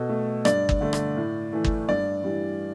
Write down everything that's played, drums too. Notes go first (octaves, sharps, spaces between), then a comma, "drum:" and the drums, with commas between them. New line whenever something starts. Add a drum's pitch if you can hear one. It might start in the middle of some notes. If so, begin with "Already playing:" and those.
Already playing: B2 A4
A3
G2 D5, drum: rim click
drum: kick
D3 A3
drum: rim click
A2
E3 A3
drum: kick
G2 D5
E3 G3